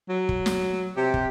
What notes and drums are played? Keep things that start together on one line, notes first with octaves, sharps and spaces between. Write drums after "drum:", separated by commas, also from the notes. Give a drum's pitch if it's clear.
F#3
drum: kick
drum: snare
C3 G4
drum: kick